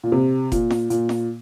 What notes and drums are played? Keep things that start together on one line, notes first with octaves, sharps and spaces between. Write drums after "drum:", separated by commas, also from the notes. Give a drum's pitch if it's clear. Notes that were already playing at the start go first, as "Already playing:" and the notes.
A#2
C3
A#2, drum: kick F1, hi-hat
drum: snare F4
A#2, drum: hi-hat
drum: snare F4